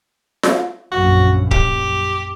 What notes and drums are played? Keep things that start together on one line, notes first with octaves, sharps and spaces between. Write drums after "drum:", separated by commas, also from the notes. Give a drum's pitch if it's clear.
drum: snare F4
A#1 F#2 F#4
G4, drum: kick